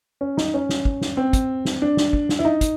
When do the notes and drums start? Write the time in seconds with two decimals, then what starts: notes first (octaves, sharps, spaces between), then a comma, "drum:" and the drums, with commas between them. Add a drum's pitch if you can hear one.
0.21 C#4
0.37 D#4, drum: snare
0.54 C#4
0.69 drum: snare
0.85 drum: kick
1.01 drum: snare
1.17 C4
1.33 drum: kick, hi-hat
1.65 drum: snare
1.82 D4
1.97 drum: snare
2.13 drum: kick
2.29 drum: snare
2.39 E4
2.45 D#4
2.61 drum: kick, hi-hat